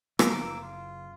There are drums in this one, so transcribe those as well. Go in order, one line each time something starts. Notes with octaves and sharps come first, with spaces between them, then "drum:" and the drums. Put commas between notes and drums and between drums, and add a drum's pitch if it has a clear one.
D3 F3 A#3 D6 E6, drum: rim click
F#1
F4